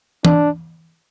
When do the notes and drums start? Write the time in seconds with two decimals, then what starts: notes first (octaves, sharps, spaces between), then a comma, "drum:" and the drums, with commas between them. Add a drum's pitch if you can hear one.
0.25 D4, drum: tom